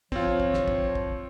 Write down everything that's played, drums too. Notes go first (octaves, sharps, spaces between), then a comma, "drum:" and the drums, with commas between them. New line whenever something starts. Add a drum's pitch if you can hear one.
F3 C4 F4 C#5, drum: kick
drum: kick
drum: snare
drum: kick
drum: kick